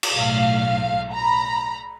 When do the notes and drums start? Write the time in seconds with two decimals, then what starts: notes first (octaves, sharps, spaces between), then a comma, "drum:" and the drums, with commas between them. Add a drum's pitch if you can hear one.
0.03 drum: cymbal
0.14 B1 A2 F5
1.12 A#5 B5